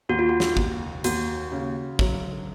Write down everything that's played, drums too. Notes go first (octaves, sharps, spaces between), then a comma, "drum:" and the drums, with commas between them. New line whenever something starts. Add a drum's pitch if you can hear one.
D#2 F#4
F4
F#4
drum: snare
D#2, drum: kick
D#2 F#4, drum: hi-hat
C#3
F#3, drum: kick